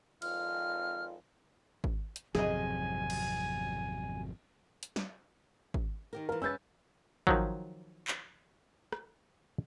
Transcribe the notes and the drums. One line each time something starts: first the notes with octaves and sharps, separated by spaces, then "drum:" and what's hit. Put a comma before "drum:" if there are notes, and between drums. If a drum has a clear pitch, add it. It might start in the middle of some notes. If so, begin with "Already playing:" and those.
G#1 F2 F4 F6, drum: cymbal
drum: kick G#1
drum: hi-hat
G#1 F2 C3 F#3 G#4 D#5 G#5, drum: snare
drum: cymbal
drum: hi-hat
drum: snare
drum: kick G#1
D#3 G4 A#4
E3 F4 A#4
C#4 G#4 B4 E6 G6 A6
D#3 F3 F#3, drum: kick G#1
drum: clap
drum: rim click